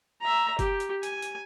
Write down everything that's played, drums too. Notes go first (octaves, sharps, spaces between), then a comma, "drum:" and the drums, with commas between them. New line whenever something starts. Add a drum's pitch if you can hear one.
E5 A#5
G4, drum: kick F#1, hi-hat
drum: hi-hat
G#5, drum: hi-hat
drum: hi-hat